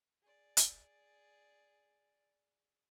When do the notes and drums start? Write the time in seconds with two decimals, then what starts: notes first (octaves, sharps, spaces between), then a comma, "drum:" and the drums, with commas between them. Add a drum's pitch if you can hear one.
0.22 G#4 D5
0.57 drum: hi-hat